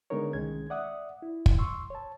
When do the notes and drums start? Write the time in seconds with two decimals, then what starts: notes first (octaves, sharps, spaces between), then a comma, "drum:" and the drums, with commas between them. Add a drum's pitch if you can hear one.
0.10 D3 G#3 B3 D#4 A#4 C#5
0.33 C2 D#3 G#3 C#4 G#6
0.70 D5 E5 F#5 D#6
1.22 E4
1.46 drum: kick
1.59 C6 C#6 E6
1.90 C#5 A5